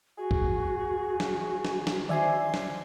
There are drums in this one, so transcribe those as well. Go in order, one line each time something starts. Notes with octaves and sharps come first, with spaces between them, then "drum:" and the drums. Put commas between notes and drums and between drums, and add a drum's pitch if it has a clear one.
F#4 G#4
drum: kick
drum: snare
drum: snare
drum: snare
D#3 C5 D5 E5 G#5
drum: snare